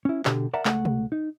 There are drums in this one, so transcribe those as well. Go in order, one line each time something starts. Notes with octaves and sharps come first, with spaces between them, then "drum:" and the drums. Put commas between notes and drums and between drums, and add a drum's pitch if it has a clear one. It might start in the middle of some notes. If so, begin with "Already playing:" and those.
C#4 E4
B2 D3 G4, drum: clap
A#4 D5 E5 F#5 A5 A#5
C#2 A3 F#5, drum: clap
drum: tom B2
D#4